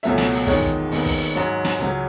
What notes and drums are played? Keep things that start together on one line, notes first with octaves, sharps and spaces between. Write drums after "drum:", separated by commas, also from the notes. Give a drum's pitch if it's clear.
C#2 B2 F#3 A3 C#4 E5, drum: hi-hat
drum: snare
drum: open hi-hat
E2 D#3 G#3 C#5, drum: kick, hi-hat
drum: kick, hi-hat
D#2 D#3 G#3 B3, drum: open hi-hat
drum: kick, open hi-hat
drum: hi-hat
G#2 F#3 C#4, drum: hi-hat
drum: snare
C#2 C#3 F#3, drum: hi-hat